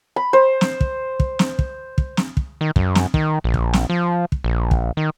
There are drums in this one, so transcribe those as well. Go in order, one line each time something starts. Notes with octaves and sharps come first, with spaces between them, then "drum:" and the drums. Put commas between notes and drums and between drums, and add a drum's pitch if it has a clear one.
B5
C5
drum: snare
drum: kick
drum: kick
drum: snare
drum: kick
drum: kick
drum: snare
drum: kick
D#3
F#2, drum: kick
drum: snare
D#3, drum: kick
A#1
drum: kick
drum: snare
F3
drum: kick
A#1
drum: kick
D#3